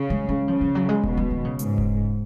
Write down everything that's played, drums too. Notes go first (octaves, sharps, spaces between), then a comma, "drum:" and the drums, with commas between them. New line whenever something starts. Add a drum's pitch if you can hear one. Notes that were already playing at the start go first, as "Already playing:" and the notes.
Already playing: C#3
G#3
G#3
C#3 F3
F3
F#3
G#3
B2, drum: kick E1
G#3
D#3
C#3
G#2, drum: hi-hat
drum: kick E1